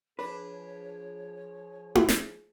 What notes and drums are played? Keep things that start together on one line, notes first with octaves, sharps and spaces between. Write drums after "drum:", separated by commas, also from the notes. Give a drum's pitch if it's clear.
F3 D4 G#4 B4 C#5
drum: tom E4
drum: snare